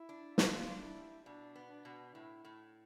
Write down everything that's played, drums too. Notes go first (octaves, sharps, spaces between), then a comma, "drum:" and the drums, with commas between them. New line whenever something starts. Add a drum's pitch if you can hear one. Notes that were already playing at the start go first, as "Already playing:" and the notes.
Already playing: E4
D4
B3 F4, drum: snare
D4
E4
G3
B2 D4
B3
D4
B2
A2 E4
A2